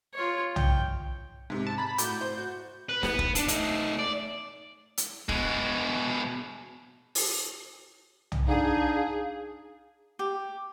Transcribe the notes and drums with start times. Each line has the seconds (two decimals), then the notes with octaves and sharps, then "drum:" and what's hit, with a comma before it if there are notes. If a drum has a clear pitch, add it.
0.14 F4 C#5
0.56 G5, drum: tom
1.50 G#2 C3
1.67 A5
1.78 A#5 B5 A6
1.98 A2 F#4 D6 G6, drum: hi-hat
2.21 C5
2.37 F#4
2.89 B4
3.03 B3, drum: snare
3.19 drum: kick
3.35 D4, drum: hi-hat
3.48 A3 D#4, drum: hi-hat
3.99 D5
4.98 drum: hi-hat
5.29 B2 G#3, drum: kick
7.15 drum: open hi-hat
8.32 drum: tom
8.48 D4 D#4 G#4 F5
10.19 G4